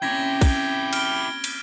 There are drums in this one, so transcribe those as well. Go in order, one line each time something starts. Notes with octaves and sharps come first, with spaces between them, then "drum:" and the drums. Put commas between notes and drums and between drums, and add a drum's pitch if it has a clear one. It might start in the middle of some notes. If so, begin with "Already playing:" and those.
A#3 C4 C#4 E4 G4 G5 G#6 A#6
drum: kick, cymbal
F#4 B5 F6 D7 G7, drum: cymbal
drum: cymbal